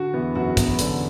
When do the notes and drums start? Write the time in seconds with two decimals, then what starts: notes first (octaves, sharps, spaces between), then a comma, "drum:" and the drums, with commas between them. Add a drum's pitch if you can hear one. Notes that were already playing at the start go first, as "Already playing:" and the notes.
Already playing: D3 F#4
0.14 E2 E3 B3
0.35 F#2 F#3 F#4
0.57 B3, drum: kick, hi-hat
0.79 D3, drum: hi-hat